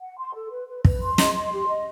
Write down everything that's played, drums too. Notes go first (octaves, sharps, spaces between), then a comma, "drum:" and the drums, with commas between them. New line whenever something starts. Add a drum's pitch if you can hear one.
F#5
C6
A4
B4
B4
B4, drum: kick
C6
D#5, drum: snare
C6
G4
D#5